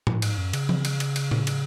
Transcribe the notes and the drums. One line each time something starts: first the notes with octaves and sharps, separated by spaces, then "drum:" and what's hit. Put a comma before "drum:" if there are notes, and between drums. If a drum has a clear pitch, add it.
A2, drum: tom A2
G#2, drum: cymbal
F#2
C#3, drum: cymbal
drum: tom E3
drum: cymbal
drum: cymbal
drum: cymbal
drum: tom A2
drum: cymbal